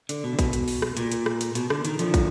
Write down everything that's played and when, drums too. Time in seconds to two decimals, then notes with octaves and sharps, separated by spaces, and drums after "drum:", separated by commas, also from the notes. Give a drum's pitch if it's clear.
0.09 D3, drum: hi-hat
0.24 B2
0.33 D3
0.39 B2, drum: kick, hi-hat
0.53 drum: hi-hat
0.68 drum: open hi-hat
0.82 drum: rim click
0.97 A#2, drum: hi-hat
1.12 drum: hi-hat
1.26 drum: rim click
1.41 drum: hi-hat
1.55 B2, drum: hi-hat
1.70 D3, drum: rim click
1.85 D#3, drum: hi-hat
1.99 D3 F3, drum: hi-hat
2.14 drum: kick, hi-hat